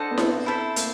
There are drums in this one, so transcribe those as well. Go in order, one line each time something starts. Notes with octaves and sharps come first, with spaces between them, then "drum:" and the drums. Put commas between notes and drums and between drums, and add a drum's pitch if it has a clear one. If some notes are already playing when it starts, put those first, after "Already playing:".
Already playing: D4 A4 C5 D#5 F#5
B3
C4, drum: snare E4
E4 A4 C5 E5
A#3, drum: hi-hat